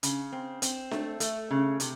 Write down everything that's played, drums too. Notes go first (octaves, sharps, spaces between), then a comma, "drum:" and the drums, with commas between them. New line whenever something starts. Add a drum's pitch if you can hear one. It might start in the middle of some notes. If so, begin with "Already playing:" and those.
C#3, drum: hi-hat
C4
C4, drum: hi-hat
A3, drum: snare D4
A3, drum: hi-hat
C#3
C3, drum: hi-hat